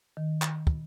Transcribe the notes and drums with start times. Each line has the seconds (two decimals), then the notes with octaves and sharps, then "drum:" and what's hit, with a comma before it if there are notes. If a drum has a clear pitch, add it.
0.17 D#3
0.42 drum: clap
0.67 drum: kick